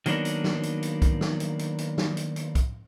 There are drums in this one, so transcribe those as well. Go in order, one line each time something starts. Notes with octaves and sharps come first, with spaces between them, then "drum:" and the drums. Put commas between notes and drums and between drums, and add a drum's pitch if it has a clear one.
D#3 F#3 A#3 B3 D4, drum: hi-hat
drum: hi-hat
drum: snare
drum: hi-hat
drum: hi-hat
drum: kick, hi-hat
drum: snare
drum: hi-hat
drum: hi-hat
drum: hi-hat
drum: snare
drum: hi-hat
drum: hi-hat
drum: kick, hi-hat